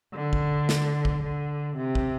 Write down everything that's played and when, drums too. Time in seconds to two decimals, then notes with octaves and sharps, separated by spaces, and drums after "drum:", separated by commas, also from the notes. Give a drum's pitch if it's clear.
0.15 D3
0.33 drum: kick A1
0.69 drum: snare
1.05 drum: kick A1
1.23 D3
1.77 C3
1.95 drum: kick A1